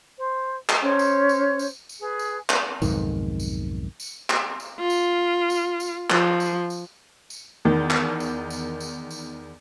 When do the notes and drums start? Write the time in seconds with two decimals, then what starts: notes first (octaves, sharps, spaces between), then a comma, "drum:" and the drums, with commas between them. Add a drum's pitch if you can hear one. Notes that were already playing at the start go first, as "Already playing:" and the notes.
0.18 C5
0.69 drum: clap
0.81 C#4 C5 C#5
0.99 drum: tambourine
1.29 drum: tambourine
1.59 drum: tambourine
1.89 drum: tambourine
2.00 G#4 B4
2.19 drum: tambourine
2.49 drum: clap
2.82 B1 F2 G#2 D#3, drum: tambourine
3.40 drum: tambourine
4.00 drum: tambourine
4.30 drum: clap
4.60 drum: tambourine
4.79 F4
4.90 drum: tambourine
5.50 drum: tambourine
5.80 drum: tambourine
6.10 F3, drum: clap
6.40 drum: tambourine
6.70 drum: tambourine
7.30 drum: tambourine
7.65 E2 D#3
7.90 drum: clap
8.20 drum: tambourine
8.50 drum: tambourine
8.80 drum: tambourine
9.10 drum: tambourine